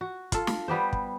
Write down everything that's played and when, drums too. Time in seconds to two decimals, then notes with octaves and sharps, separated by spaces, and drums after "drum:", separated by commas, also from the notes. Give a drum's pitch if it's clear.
0.01 F#4
0.32 F4 A4, drum: kick, hi-hat
0.47 drum: snare
0.68 G3 B3 G4 C5
0.93 drum: kick